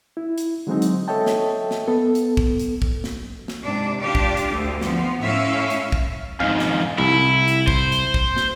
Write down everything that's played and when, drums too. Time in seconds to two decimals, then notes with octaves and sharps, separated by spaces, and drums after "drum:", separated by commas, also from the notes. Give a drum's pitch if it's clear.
0.17 E4
0.38 drum: hi-hat
0.67 D3 F#3 G#3 C4 D#4
0.82 drum: hi-hat
1.08 A4 C#5 D#5 E5 G5 A5
1.26 drum: snare
1.71 drum: snare
1.88 B3 A4
2.15 drum: hi-hat
2.37 drum: kick
2.60 drum: hi-hat
2.82 drum: kick
3.04 drum: snare
3.48 drum: snare
3.63 G#2 C3 D4
4.00 D4 F4 G4 D5
4.15 drum: kick
4.37 drum: hi-hat
4.51 D2
4.81 F3 B3, drum: snare
5.21 A2 C#4 E4 E5 F5
5.70 drum: hi-hat
5.92 drum: kick
6.40 F2 G#2 F5
6.59 drum: snare
6.98 C2 E4
7.48 drum: hi-hat
7.68 C5, drum: kick
7.92 drum: hi-hat
8.14 drum: kick
8.37 drum: snare